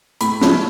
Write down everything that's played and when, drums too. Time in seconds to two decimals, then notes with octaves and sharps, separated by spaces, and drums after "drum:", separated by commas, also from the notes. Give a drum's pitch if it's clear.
0.21 A2 B5, drum: hi-hat
0.41 F3 G#3 C#4 E4, drum: snare